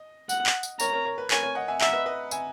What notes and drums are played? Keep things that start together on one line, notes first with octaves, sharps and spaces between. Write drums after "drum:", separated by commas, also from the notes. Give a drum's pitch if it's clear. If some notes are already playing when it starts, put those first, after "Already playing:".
Already playing: D#5
F#5, drum: tambourine
drum: clap
drum: tambourine
A#4 C#5 A#5, drum: tambourine
A#4 C#5
A#4 C#5
B4
A#4 C#5 G#5, drum: clap
A#4 C#5
D#5 F#5
E5 G#5
E5 F#5 A#5, drum: clap
B4 D#5
B4 D#5
E5 G#5, drum: tambourine